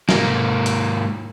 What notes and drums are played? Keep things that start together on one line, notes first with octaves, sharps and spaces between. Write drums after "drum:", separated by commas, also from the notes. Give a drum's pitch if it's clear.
G#2 A#3, drum: snare
drum: hi-hat